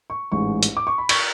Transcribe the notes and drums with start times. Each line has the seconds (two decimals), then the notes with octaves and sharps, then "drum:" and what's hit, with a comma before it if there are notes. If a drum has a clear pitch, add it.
0.10 C#6
0.32 A1 G#2 G#3 C#6
0.63 drum: hi-hat
0.77 D6
0.87 C#6
0.98 B5
1.09 C#6, drum: cymbal